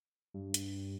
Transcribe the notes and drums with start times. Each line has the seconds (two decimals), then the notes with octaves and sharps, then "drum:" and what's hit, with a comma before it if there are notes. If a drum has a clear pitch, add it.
0.34 G2
0.54 drum: hi-hat